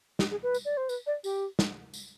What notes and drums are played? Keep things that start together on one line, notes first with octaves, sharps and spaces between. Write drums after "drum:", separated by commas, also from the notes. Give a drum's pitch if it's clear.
G4, drum: snare
G#4
B4
drum: tambourine
D5
C5
B4, drum: tambourine
D5
G4, drum: tambourine
drum: snare
drum: tambourine